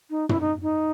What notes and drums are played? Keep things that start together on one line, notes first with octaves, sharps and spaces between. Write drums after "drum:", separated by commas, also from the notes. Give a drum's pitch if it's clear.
D#4
E4, drum: tom
D#4
D#4